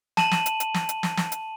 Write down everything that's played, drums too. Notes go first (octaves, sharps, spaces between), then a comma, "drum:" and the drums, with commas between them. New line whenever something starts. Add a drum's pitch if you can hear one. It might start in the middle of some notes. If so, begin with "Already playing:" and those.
A5 D#7 E7 F#7, drum: snare
drum: snare
drum: hi-hat
drum: hi-hat
drum: snare
drum: hi-hat
drum: snare
drum: snare
drum: hi-hat